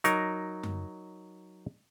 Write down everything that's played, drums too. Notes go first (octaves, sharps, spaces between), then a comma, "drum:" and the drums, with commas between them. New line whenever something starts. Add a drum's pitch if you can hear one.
F#3 D#4 A#4, drum: hi-hat
drum: tom F#2